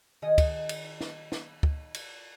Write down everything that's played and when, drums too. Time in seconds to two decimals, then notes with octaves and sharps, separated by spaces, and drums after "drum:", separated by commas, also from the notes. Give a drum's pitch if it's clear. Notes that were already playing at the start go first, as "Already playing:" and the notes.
0.22 D#3 G#4 D#5
0.38 drum: kick, cymbal
0.69 drum: cymbal
1.01 drum: snare
1.32 drum: snare
1.63 drum: kick
1.94 drum: cymbal